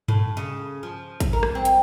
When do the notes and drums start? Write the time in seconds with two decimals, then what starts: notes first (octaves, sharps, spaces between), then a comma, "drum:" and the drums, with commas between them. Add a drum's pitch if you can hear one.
0.08 A2, drum: tom G2
0.37 C#3
0.83 F3
1.20 drum: kick A1, hi-hat
1.33 A#4
1.43 drum: rim click
1.55 C4
1.65 drum: hi-hat